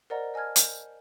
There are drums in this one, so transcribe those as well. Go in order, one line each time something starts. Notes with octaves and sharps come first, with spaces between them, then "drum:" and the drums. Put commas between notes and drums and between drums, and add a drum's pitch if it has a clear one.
A#4 C5 D5 D#5 F#5 A#5
D#5 G#5 A5 F6 G#6
G6, drum: hi-hat